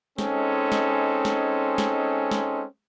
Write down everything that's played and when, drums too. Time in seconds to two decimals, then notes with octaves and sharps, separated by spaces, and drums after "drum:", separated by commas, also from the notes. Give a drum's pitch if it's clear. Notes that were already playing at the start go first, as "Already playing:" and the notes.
0.18 G#3 C4 C#4 D#4 A4, drum: snare
0.72 drum: snare
1.25 drum: snare
1.78 drum: snare
2.31 drum: snare